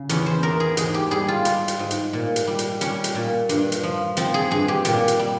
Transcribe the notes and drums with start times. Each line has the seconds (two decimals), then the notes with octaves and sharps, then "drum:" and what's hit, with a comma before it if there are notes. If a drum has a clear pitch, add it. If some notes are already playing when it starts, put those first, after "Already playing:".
Already playing: C#3
0.09 E2 C#4, drum: hi-hat
0.26 C5
0.43 E2 A#4
0.60 G#4
0.77 G#2 G#4, drum: hi-hat
0.94 G4
1.11 G3 G#4
1.28 F4
1.45 G3, drum: hi-hat
1.68 drum: hi-hat
1.79 G#2
1.91 drum: hi-hat
2.13 A#2
2.36 drum: hi-hat
2.47 G3
2.59 drum: hi-hat
2.81 G3 C#4, drum: hi-hat
3.04 drum: hi-hat
3.15 A#2
3.49 G2, drum: hi-hat
3.72 drum: hi-hat
3.83 F3
4.17 F3 C4, drum: hi-hat
4.34 G#4
4.51 G2 G#4
4.68 G4
4.85 A#2 G4, drum: hi-hat
5.08 drum: hi-hat
5.19 G3